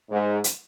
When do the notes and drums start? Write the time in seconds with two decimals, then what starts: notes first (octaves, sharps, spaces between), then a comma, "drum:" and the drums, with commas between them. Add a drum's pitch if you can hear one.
0.10 G#2
0.44 drum: hi-hat